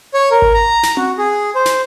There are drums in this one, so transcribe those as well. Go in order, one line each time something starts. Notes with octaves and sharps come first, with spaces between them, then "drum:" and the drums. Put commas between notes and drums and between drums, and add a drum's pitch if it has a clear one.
C#5
A#4
drum: kick G#1
A#5
drum: snare
F#4, drum: tom C4
G#4
C5
drum: snare